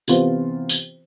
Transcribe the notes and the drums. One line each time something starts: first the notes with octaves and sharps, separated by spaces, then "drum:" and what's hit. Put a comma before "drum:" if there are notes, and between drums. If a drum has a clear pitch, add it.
C3 E3 B3 F4 C5, drum: tambourine
drum: tambourine